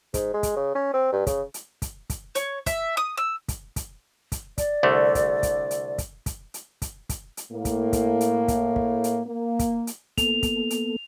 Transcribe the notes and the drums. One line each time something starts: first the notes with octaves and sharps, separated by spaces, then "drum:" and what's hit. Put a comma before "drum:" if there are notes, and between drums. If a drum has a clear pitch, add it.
G#2, drum: kick, hi-hat
G#3
drum: kick, hi-hat
C#3
C#4
C4
G2
C#3, drum: kick, hi-hat
drum: hi-hat
drum: kick, hi-hat
drum: kick, hi-hat
C#5, drum: hi-hat
E5, drum: kick, hi-hat
D#6
E6
drum: kick, hi-hat
drum: kick, hi-hat
drum: kick, hi-hat
D5, drum: kick, hi-hat
C2 D3 A3
drum: kick, hi-hat
drum: kick, hi-hat
drum: hi-hat
drum: kick, hi-hat
drum: kick, hi-hat
drum: hi-hat
drum: kick, hi-hat
drum: kick, hi-hat
drum: hi-hat
A2 A#3
drum: kick, hi-hat
drum: kick, hi-hat
drum: hi-hat
drum: kick, hi-hat
drum: kick
drum: hi-hat
A#3
drum: kick, hi-hat
drum: hi-hat
A#3 B3 A4 F7, drum: kick, hi-hat
drum: kick, hi-hat
drum: hi-hat